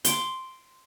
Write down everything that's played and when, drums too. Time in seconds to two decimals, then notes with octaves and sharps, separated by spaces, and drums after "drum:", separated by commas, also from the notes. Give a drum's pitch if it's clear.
0.05 C6 D6, drum: hi-hat